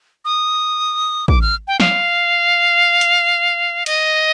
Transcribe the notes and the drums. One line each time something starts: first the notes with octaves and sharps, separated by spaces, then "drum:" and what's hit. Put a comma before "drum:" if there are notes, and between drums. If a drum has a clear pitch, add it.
D#6
D6, drum: kick
F6
G5
F5, drum: snare
drum: hi-hat
D#5, drum: cymbal